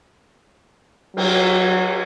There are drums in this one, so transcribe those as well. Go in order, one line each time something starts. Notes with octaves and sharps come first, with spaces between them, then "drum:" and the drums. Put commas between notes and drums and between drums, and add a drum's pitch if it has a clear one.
F#3, drum: cymbal